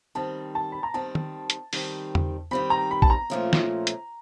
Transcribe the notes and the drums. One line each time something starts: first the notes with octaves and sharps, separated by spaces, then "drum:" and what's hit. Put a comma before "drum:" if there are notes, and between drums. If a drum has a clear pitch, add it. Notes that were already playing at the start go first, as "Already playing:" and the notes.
D#3 G3 C4 A5
A5
B5
A#5
D#3 G3 C4 A5
drum: tom
drum: hi-hat
D#3 G3 C4, drum: open hi-hat
drum: tom E2
D#3 G3 C4 B5
A#5
B5
A5, drum: kick A#1
A#5
A#2 F3 A3 C#4
drum: snare
drum: hi-hat